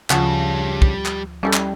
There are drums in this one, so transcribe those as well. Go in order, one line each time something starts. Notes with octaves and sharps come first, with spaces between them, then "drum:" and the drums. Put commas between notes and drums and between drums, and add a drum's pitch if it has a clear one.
D2 C#3 F3 G3 F4 F#4 A5, drum: clap
drum: kick
drum: clap
G3 C#4 E4 A4
drum: clap